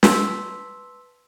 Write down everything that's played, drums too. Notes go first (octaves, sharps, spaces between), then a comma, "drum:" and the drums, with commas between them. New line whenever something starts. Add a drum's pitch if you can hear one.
B4 A5 C6 E6 B6, drum: snare